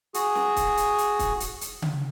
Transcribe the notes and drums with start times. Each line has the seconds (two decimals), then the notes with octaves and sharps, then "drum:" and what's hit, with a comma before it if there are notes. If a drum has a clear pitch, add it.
0.14 F#4 G#4, drum: hi-hat
0.35 drum: snare
0.56 drum: kick, hi-hat
0.77 drum: hi-hat
0.98 drum: hi-hat
1.19 drum: kick, hi-hat
1.40 drum: hi-hat
1.61 drum: hi-hat
1.82 drum: tom C#3